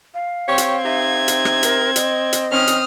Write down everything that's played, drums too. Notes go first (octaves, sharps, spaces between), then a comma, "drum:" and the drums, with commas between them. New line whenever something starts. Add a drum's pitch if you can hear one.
F5
C4 G4 C#5
drum: hi-hat
D#4 G4 E5 G#6
drum: hi-hat
drum: rim click
A#4, drum: hi-hat
D#5, drum: hi-hat
drum: hi-hat
D#3 C4 C#4 D#6 F6
drum: hi-hat